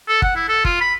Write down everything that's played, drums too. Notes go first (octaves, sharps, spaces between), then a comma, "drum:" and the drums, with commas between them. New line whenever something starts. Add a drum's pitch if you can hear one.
A4
F#5, drum: kick G1
E4
A4
F4, drum: kick G1
B5